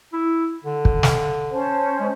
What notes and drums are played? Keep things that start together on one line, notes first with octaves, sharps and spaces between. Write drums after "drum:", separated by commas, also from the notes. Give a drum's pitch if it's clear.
E4
D3
drum: kick
drum: snare
C#4 C5 A5
G#3